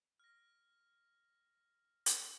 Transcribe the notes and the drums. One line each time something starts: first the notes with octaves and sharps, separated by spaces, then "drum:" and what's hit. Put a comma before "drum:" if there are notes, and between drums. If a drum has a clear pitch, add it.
F6 A#6
drum: hi-hat